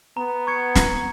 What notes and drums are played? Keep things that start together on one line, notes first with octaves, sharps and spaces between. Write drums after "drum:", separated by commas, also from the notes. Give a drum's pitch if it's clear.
B3 A#5
C#6 G#6 C#7
A#5, drum: snare